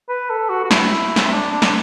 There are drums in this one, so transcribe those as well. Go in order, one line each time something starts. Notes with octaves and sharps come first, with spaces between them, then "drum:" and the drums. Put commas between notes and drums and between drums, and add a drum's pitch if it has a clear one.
B4
A4
F#4
F#4
E4, drum: snare
drum: snare
C4
D4
D4
drum: snare